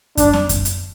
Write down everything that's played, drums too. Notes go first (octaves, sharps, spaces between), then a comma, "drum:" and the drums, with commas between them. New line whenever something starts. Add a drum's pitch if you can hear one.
D4, drum: kick F#2, hi-hat
drum: snare C4
drum: kick F#2, hi-hat
drum: hi-hat